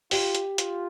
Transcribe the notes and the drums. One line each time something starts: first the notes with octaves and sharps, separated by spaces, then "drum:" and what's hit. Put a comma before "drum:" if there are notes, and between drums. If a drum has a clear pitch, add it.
F4 G4, drum: open hi-hat
drum: hi-hat
F4, drum: hi-hat